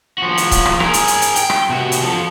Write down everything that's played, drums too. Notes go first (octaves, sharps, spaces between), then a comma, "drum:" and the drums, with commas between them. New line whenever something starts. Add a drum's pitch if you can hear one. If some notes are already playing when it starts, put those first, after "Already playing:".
F3 F#4
drum: hi-hat
drum: kick C#1, hi-hat
drum: rim click
G#4 A#4, drum: rim click
drum: hi-hat
drum: hi-hat
drum: hi-hat
G5, drum: hi-hat
drum: rim click
C3 F#4
drum: hi-hat
F3 A4